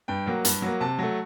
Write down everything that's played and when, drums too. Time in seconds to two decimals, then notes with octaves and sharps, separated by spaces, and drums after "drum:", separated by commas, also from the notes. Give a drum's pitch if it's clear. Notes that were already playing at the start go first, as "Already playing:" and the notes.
0.08 G2 G5
0.26 F#3 A#3
0.45 G2, drum: hi-hat
0.62 F#3 A#3
0.80 C3 A5
0.99 F#3 A3